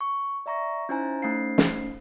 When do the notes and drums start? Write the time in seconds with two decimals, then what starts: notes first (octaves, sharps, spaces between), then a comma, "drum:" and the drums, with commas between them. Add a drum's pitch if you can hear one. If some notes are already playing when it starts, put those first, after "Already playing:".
0.01 C#6
0.46 D5 E5 A#5 C#6 A#6
0.89 C#4 D#4 E4 C5 G#5 A#5
1.22 A3 C#4 D#4 C5 F5 C7
1.58 drum: snare